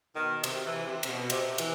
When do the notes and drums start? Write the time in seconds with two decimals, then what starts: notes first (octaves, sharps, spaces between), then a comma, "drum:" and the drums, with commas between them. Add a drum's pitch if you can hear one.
0.14 B2 D#3
0.44 C3, drum: cymbal
0.65 C3 E3
0.86 C3
1.03 C3, drum: cymbal
1.08 B2
1.30 C3, drum: cymbal
1.58 C3 E3, drum: cymbal